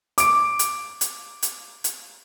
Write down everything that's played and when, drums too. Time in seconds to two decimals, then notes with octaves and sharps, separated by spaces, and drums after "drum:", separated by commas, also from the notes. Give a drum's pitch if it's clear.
0.18 D6 D7, drum: hi-hat
0.59 drum: hi-hat
1.01 drum: hi-hat
1.43 drum: hi-hat
1.84 drum: hi-hat